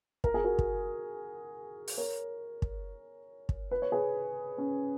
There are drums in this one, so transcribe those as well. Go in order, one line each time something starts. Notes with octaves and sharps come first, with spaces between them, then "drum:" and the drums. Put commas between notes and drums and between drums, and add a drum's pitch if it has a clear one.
A#4, drum: kick
G#4
F#4 A#4
drum: kick
drum: open hi-hat
A#4 C#5
drum: kick
drum: kick
B4
C#5
G#4 B4
C#4